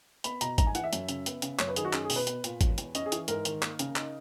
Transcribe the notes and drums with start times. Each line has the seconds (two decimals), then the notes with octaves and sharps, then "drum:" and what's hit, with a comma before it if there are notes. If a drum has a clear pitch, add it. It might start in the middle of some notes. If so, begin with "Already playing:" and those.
0.24 B3 B5, drum: hi-hat
0.41 B2 A#5, drum: hi-hat
0.58 G#2 A#5, drum: kick G#1, hi-hat
0.67 G#5
0.75 E3 F#5, drum: hi-hat
0.84 E5
0.93 F#2, drum: hi-hat
1.09 C#3, drum: hi-hat
1.26 B3, drum: hi-hat
1.42 C#3, drum: hi-hat
1.59 F#2 C#5, drum: clap
1.69 B4
1.76 D#3 G#4, drum: hi-hat
1.85 F#4
1.93 C#4 G#4, drum: clap
2.04 G#4
2.10 B2, drum: open hi-hat
2.16 B4
2.27 B3, drum: hi-hat
2.44 A#2, drum: hi-hat
2.61 E1, drum: kick G#1, hi-hat
2.78 E2, drum: hi-hat
2.95 C#4 D#5, drum: hi-hat
3.06 G#4
3.12 E3, drum: hi-hat
3.28 G#2 A#4, drum: hi-hat
3.45 D#3, drum: hi-hat
3.63 A#3, drum: clap
3.79 C#3, drum: hi-hat
3.96 D#4, drum: clap